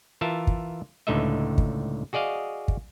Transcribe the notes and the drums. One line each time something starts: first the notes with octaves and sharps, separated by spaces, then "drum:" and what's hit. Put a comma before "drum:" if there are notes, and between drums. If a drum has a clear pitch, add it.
E3 F4 A#4 E5 A5
drum: kick
C#2 A2 D3 D#4 D#5 E5
drum: kick
F#4 G#4 D5 D#5 F5
drum: kick